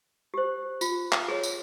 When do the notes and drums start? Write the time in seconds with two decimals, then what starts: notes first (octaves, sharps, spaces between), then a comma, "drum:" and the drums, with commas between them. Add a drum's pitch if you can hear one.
0.34 G4 C5
0.81 F4, drum: tambourine
1.12 drum: clap
1.28 G#4 C#5
1.43 drum: tambourine